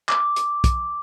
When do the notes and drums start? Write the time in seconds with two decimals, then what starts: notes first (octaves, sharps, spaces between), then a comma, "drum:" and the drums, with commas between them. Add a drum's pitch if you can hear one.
0.09 D6, drum: clap
0.36 drum: hi-hat
0.64 drum: kick, hi-hat